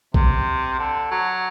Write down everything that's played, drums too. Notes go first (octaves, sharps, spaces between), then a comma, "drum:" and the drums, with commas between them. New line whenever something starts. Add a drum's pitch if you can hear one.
C3, drum: kick A#1
D3
F#3